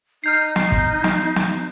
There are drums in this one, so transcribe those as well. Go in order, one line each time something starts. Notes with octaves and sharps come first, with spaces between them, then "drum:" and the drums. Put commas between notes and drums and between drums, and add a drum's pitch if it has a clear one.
D#4 F6 G6 C7
drum: snare
drum: kick
drum: snare
drum: snare